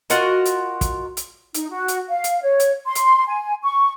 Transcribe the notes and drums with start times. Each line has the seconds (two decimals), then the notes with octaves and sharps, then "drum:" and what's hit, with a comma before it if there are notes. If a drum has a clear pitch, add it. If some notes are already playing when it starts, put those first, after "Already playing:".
0.10 F4 F#4 A#4 D#5, drum: hi-hat
0.45 drum: hi-hat
0.81 drum: kick, hi-hat
1.17 drum: hi-hat
1.54 D#4, drum: hi-hat
1.70 F#4
1.88 drum: hi-hat
2.08 F5
2.24 drum: hi-hat
2.42 C#5
2.60 drum: hi-hat
2.85 C6
2.95 drum: hi-hat
3.27 G#5
3.63 C#6